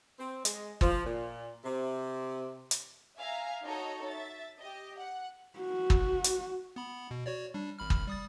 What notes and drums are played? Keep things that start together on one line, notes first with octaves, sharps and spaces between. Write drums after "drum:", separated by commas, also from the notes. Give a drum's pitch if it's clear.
C4
G#3, drum: hi-hat
F3, drum: kick
A#2
C3
drum: hi-hat
E5 F5 G#5 A#5
D#4 F#4 A4 C#5 D#5 A#5
E5 A6
G4 D#5
F#5
F#4
drum: kick
drum: hi-hat
B3 B5
B2
F#4 C#5 D5
G3 D4
G#1 B5 F6
drum: kick
G3 D#6 A6